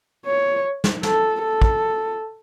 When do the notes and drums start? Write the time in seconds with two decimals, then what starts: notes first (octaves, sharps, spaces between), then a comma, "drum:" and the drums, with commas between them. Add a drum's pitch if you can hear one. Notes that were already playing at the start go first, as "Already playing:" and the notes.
0.26 C#5
0.84 drum: snare
1.03 A4, drum: snare
1.42 A4
1.62 drum: kick